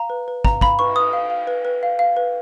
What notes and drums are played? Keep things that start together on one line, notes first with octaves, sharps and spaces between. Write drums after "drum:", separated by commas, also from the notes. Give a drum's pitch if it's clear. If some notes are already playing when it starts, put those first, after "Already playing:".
Already playing: F5 A#5
B4
B4
F5 A#5, drum: kick
F5 B5, drum: kick
B4 C#6, drum: cymbal
B4 D#6
F5
F5
B4
B4
F5
F5
B4